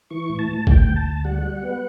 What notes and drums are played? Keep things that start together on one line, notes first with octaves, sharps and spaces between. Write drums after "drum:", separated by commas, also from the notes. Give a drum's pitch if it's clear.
E3 C#6
A2
A5
A2
D2 G5, drum: kick G1
D2
A5
D2
G3 F#5
G3
B3